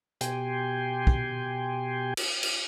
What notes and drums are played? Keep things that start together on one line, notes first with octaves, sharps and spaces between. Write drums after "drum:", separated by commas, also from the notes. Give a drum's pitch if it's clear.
B2 G4 G5 G#5 C6, drum: hi-hat
drum: kick
drum: cymbal
drum: cymbal